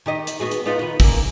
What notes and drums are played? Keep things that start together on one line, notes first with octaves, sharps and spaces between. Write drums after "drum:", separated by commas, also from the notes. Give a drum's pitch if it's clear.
D#3 G4 D#5
drum: hi-hat
B3 F#4 G#4
drum: hi-hat
B3 D#4 F4
D#3 B4
C#3 A#3, drum: kick, open hi-hat